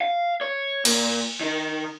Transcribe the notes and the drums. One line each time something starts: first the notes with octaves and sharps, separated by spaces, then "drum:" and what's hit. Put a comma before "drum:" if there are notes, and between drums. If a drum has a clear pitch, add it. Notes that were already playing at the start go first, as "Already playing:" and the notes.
F5
C#5
A#2, drum: cymbal
D#3